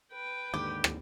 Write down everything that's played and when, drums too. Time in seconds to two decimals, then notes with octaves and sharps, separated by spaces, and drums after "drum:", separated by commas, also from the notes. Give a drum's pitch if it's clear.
0.13 B4 G5
0.54 D#2 G#2 D3 G4
0.84 drum: rim click